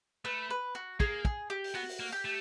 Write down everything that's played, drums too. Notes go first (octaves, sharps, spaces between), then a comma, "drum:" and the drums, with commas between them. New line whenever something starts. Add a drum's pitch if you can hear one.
A3 B4
B4
F#4
A#3 G#4, drum: kick
G#4, drum: kick
G4
drum: open hi-hat
B3 F#4
drum: open hi-hat
A#3
G4
A3